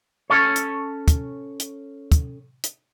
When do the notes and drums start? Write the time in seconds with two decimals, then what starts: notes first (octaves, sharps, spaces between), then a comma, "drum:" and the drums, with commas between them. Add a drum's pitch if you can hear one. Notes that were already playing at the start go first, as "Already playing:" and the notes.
0.30 C#4 A4 C#5
0.56 drum: hi-hat
1.08 drum: kick, hi-hat
1.60 drum: hi-hat
2.12 drum: kick, hi-hat
2.64 drum: hi-hat